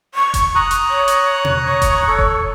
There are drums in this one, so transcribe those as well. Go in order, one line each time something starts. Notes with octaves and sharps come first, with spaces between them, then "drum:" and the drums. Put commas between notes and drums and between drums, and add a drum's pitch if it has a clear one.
C#6
drum: kick F1, hi-hat
A#5 D#6 F#6
drum: hi-hat
C#5
drum: hi-hat
drum: tom B2
C#5
drum: kick F1, hi-hat
A4
drum: kick F1